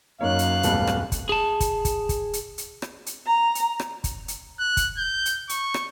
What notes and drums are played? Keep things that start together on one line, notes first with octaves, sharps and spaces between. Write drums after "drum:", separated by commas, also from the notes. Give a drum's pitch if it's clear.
F#2 A#3 D#4 C#5 F5 F#6
drum: hi-hat
D#1 G#1 G3 A3 B3, drum: hi-hat
drum: rim click
drum: kick, hi-hat
G#4 A5
drum: kick, hi-hat
drum: kick, hi-hat
drum: kick, hi-hat
drum: hi-hat
drum: hi-hat
drum: rim click
drum: hi-hat
A#5
drum: hi-hat
drum: rim click
drum: kick, hi-hat
drum: hi-hat
F#6
drum: kick, hi-hat
G6
drum: hi-hat
C#6, drum: hi-hat
drum: rim click